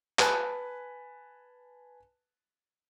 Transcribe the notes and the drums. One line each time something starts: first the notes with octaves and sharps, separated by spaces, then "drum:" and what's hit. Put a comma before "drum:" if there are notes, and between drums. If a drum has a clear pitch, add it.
B4 G#5 A5 F#6, drum: clap